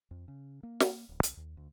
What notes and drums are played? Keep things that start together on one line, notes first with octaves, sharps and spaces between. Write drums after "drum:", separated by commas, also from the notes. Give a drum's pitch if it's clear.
F2
C#3
A#3
drum: snare
D1
C2, drum: hi-hat
D#2
D2